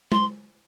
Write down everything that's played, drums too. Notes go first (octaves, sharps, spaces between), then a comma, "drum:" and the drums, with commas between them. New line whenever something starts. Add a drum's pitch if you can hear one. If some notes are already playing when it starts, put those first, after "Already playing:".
C6, drum: tom G#3